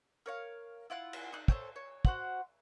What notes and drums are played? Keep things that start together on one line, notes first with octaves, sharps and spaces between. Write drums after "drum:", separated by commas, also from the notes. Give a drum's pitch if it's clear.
A#4 C#5 F5
E4 F4 F#5 F#6
drum: cymbal
D#4 F#6
A4 C5 C#5 G5, drum: kick
C#5
F#4 C5 F#5, drum: kick